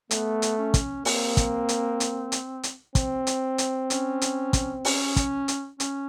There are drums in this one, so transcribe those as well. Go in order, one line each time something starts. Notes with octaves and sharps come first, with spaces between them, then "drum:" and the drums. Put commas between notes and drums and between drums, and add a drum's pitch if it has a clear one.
A3 B3, drum: hi-hat
drum: hi-hat
C#4
drum: kick, hi-hat
A#3 C4, drum: open hi-hat
drum: kick, hi-hat
drum: hi-hat
drum: hi-hat
drum: hi-hat
drum: hi-hat
C4, drum: kick, hi-hat
drum: hi-hat
drum: hi-hat
C#4, drum: hi-hat
drum: hi-hat
drum: kick, hi-hat
C#4, drum: open hi-hat
drum: kick, hi-hat
drum: hi-hat
C#4, drum: hi-hat